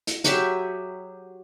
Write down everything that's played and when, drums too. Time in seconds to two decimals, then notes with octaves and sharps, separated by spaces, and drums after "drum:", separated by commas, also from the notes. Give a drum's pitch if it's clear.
0.07 drum: hi-hat
0.24 F#3 G4 G#4 E5, drum: hi-hat